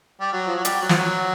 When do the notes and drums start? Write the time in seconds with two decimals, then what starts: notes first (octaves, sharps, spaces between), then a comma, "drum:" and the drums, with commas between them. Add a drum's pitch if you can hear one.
0.21 G3
0.33 F#3
0.47 F3
0.56 F#3
0.65 G3, drum: hi-hat
0.81 F#3
0.89 F3, drum: snare
0.96 F#3